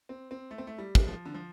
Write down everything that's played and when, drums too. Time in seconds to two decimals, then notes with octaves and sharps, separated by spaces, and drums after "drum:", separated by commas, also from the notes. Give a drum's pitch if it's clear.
0.09 C4
0.31 C4
0.51 A3
0.58 C4
0.67 A3
0.78 G3
0.95 drum: kick
1.07 F3
1.26 D3
1.35 F3